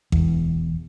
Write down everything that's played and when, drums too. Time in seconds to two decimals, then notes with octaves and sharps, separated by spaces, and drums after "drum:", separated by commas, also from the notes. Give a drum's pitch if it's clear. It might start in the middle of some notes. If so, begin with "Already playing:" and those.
0.12 E1 E2, drum: kick A1